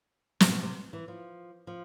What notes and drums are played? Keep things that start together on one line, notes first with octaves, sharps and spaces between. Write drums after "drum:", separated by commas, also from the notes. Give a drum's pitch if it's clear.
C3, drum: snare
B2
C3
E3
F3
F3